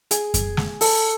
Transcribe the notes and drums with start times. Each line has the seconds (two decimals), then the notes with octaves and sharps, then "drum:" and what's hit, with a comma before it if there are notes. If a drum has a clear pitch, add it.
0.11 G#4, drum: hi-hat
0.34 drum: kick F#2, hi-hat
0.57 drum: snare
0.81 A4, drum: open hi-hat